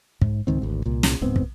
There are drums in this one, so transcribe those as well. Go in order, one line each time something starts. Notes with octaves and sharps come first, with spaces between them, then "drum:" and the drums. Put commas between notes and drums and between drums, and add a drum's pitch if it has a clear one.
G#2, drum: kick
C#2 G#2 D#3 C4
G#1 D2
C2 A#2
drum: snare
D1 G#2 B3 C4
drum: kick